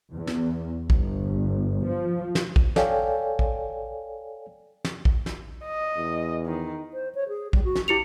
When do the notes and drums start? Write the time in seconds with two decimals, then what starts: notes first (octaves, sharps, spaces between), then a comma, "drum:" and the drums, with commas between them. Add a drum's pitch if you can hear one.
0.12 E2
0.27 drum: snare
0.90 G1, drum: kick A#1
1.86 F3
2.35 drum: snare
2.56 drum: kick A#1
2.76 A4 C#5 D5 F5 G5 G#5, drum: snare
3.39 drum: kick A#1
4.85 drum: snare
5.05 drum: kick A#1
5.26 drum: snare
5.65 D#5
5.97 E2
6.46 D#3
6.92 C5
7.15 C#5
7.29 G#4
7.53 G3, drum: kick A#1
7.65 F#4
7.75 drum: snare
7.88 E4 G4 C#7 F7